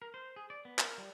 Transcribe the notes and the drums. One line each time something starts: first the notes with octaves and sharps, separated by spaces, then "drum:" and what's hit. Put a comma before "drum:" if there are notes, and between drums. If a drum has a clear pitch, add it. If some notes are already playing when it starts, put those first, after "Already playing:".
A#4
C5
G#4
D5
B3
A#4, drum: clap
G3